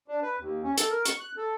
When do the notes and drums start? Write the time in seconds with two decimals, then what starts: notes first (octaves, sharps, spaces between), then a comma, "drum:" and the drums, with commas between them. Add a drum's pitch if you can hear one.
0.08 D4
0.22 B4
0.39 D#2
0.64 C#4
0.78 A4, drum: hi-hat
0.90 A#4
1.05 C#6, drum: hi-hat
1.20 F#6
1.37 A4